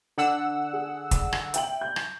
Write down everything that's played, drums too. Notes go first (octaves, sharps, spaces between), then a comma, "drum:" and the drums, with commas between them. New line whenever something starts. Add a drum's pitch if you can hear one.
D3 F#5 E6
G#4
drum: kick, hi-hat
drum: rim click
E5 G5 F#7, drum: hi-hat
G6
drum: rim click